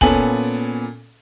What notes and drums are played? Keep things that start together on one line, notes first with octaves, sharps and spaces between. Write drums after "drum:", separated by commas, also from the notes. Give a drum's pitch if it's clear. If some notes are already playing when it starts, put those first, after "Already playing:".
A#2 B3 C#4 A4 G#5 F#7, drum: kick